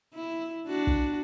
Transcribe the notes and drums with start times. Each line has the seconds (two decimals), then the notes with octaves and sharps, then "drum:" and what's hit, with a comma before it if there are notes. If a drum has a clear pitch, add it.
0.14 E4
0.67 D4 F#4
0.87 drum: kick